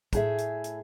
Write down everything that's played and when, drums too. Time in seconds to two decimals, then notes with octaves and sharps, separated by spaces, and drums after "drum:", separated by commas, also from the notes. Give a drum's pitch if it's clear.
0.13 A2 G#4 E5, drum: kick, hi-hat
0.38 drum: hi-hat
0.64 drum: hi-hat